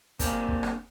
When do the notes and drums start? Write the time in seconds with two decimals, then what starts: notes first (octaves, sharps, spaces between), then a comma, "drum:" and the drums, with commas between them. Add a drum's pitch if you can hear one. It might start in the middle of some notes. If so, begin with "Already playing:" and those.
0.19 A#3 C4 D4 G4 G#4 F5, drum: kick, hi-hat
0.48 drum: kick
0.63 drum: rim click